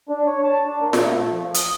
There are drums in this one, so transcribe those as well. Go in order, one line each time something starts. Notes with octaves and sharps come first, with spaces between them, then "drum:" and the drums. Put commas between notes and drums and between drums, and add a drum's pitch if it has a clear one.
D4
C#5
A5
D4
A#3
A#2, drum: snare F4
A3
F3
D#6, drum: hi-hat